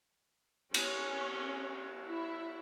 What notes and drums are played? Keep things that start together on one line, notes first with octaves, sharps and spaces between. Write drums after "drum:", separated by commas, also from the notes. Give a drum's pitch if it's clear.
C#4, drum: cymbal
E4